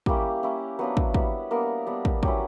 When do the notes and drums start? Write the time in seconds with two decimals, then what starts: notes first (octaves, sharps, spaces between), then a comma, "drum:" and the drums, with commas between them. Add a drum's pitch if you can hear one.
0.06 G3 A#3 C#4 E4 G4, drum: kick
0.43 A#3 C#4 E4
0.79 F#3 A#3 B3 D4 B4
0.97 drum: kick
1.14 G3 B3 E4, drum: kick
1.51 G3 A#3 B3 D4 A#4
1.86 G3 B3 D4
2.05 drum: kick
2.23 F#3 C#4 E4 G4, drum: kick